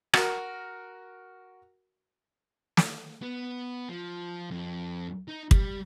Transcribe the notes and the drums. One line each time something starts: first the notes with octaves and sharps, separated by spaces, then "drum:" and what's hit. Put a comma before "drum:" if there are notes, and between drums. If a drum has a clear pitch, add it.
F#4 A#4, drum: rim click
drum: snare
B3
F3
F2
D#4
G3, drum: kick